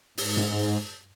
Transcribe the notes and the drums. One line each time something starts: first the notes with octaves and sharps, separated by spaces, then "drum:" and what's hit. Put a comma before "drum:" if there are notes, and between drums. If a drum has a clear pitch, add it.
G#2, drum: open hi-hat
drum: tom G2